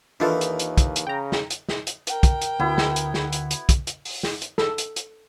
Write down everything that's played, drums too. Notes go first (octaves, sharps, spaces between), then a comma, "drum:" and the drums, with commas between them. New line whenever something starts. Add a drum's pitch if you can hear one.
D#2 D#3 E3 D4 F4 A4
drum: hi-hat
drum: hi-hat
drum: kick, hi-hat
drum: hi-hat
C#3 G5 A#5
drum: snare
drum: hi-hat
drum: snare
drum: hi-hat
A#4 G5, drum: hi-hat
drum: kick, hi-hat
drum: hi-hat
D2 B3 E4 F#4
drum: snare
drum: hi-hat
drum: snare
drum: hi-hat
drum: hi-hat
drum: kick, hi-hat
drum: hi-hat
drum: open hi-hat
drum: snare
drum: hi-hat
A4, drum: snare
drum: hi-hat
drum: hi-hat